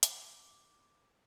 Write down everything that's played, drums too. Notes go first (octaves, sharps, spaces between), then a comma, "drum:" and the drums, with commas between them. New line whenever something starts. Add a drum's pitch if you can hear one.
D6, drum: hi-hat